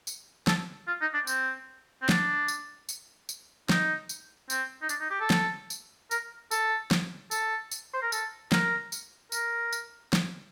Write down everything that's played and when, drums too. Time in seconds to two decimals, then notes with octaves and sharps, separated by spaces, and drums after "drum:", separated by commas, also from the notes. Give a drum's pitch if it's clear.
0.07 drum: tambourine
0.47 A4, drum: snare
0.87 F4
1.01 D#4
1.14 D4
1.27 C4, drum: tambourine
2.02 C4
2.09 D4, drum: snare
2.48 drum: tambourine
2.89 drum: tambourine
3.29 drum: tambourine
3.69 D#4, drum: snare
4.09 drum: tambourine
4.50 C4, drum: tambourine
4.82 D#4
4.89 D4, drum: tambourine
5.00 D#4
5.11 G4
5.21 A4
5.30 drum: snare
5.70 drum: tambourine
6.11 A#4, drum: tambourine
6.51 A4, drum: tambourine
6.91 drum: snare
7.31 A4, drum: tambourine
7.71 drum: tambourine
7.93 C5
8.02 A#4
8.12 A4, drum: tambourine
8.52 A#4, drum: snare
8.92 drum: tambourine
9.32 A#4, drum: tambourine
9.73 drum: tambourine
10.13 drum: snare